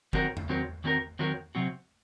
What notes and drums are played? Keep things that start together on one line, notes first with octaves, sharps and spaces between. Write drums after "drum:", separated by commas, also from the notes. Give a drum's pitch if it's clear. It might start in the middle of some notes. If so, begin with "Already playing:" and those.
D#3 F#3 C4 F#4 A#4, drum: kick
drum: tom E2
D#3 F#3 C4 F#4 A#4
D#3 F#3 C4 F#4 A#4
D#3 F#3 C4 F#4 A#4
C3 F#3 C4 F#4